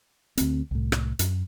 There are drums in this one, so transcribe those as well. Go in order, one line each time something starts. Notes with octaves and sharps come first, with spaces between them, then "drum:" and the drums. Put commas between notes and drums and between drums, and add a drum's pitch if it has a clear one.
D2 C4, drum: hi-hat
C2 A2
drum: rim click
F#2, drum: hi-hat